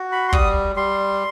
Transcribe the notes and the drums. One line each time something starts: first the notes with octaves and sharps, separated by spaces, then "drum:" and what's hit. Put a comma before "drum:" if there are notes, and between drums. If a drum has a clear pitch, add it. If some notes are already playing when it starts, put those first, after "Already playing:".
Already playing: F#4
B5
C6
G3 D#6, drum: kick
G3 C6